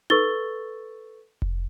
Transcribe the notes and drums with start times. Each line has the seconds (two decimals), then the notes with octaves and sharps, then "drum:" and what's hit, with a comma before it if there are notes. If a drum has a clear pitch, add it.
0.10 A4 B4 C#6 E6 A6 G7, drum: tom D#4
1.42 drum: kick F1